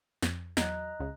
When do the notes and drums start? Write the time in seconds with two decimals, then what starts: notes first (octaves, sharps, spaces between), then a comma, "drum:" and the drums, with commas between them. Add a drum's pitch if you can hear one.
0.22 F2, drum: snare
0.57 E2 F#3 D#5 A#5 F#6, drum: snare
0.99 C#2 C#3